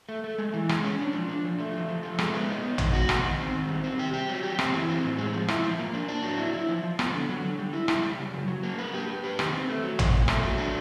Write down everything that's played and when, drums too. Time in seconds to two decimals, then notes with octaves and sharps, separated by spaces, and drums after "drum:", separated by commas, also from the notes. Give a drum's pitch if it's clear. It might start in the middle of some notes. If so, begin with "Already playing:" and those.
0.09 A3
0.24 A3
0.38 G#3
0.54 E3
0.69 G#3, drum: rim click
0.83 C#4
0.99 D4
1.13 F3
1.29 D4
1.44 F3
1.59 A3
1.73 F3
1.88 F3
2.03 A3
2.19 G#3, drum: rim click
2.34 B3
2.49 D#4
2.63 B3
2.78 D#3, drum: tom A1
2.93 F#4
3.09 D#3, drum: rim click
3.24 D#3
3.39 C4
3.54 D#3
3.69 G3
3.84 C4
3.99 G4
4.13 G4
4.29 F#3
4.43 G4
4.59 C4, drum: rim click
4.74 E3
4.89 C4
5.03 A2
5.19 G#3
5.33 F3
5.48 E4, drum: rim click
5.64 F3
5.79 A#3
5.94 D4
6.08 D4
6.23 F#3
6.38 E4
6.53 E4
6.69 F3
6.83 F3
6.99 B3, drum: rim click
7.14 D3
7.29 F#3
7.44 D3
7.59 G3
7.73 E4
7.88 E4, drum: rim click
8.03 G3
8.18 C#3
8.34 F#3
8.48 F#3
8.63 A#3
8.79 B4
8.94 G4
9.08 G4
9.24 B4
9.39 D#3, drum: rim click
9.53 C4
9.69 A3
9.83 F#3
9.99 A#2, drum: tom A1
10.13 A#2
10.28 A3, drum: rim click
10.43 F#3
10.58 D4